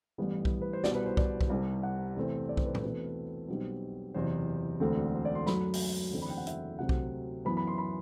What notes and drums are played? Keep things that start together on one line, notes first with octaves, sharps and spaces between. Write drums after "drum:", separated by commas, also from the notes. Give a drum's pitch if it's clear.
A1 G2 E3 G3 B3
drum: kick B1
B4
C5
C2 B2 G3 D5, drum: snare
B4
C5
D5, drum: kick B1
drum: kick B1
C2 C3 G3
F#5
E2 C3 E3 A3 C4
D5
C5, drum: kick B1
B4
A4, drum: tom A2
E2 B2 A3 C4 B4
B1 B2 G3 C4
F#1 E2 C3 C5
E1 D2 D3 A3 C4
C5
D5
C6
F#2 F#3 A3 B5, drum: snare
drum: open hi-hat
F#1 E2 D3 A3 C4
B5
G5
F#5
E5, drum: hi-hat
D2 C3 F#3 C4 F#5
drum: kick B1
F#2 E3 B3 B5
B5
C6
B5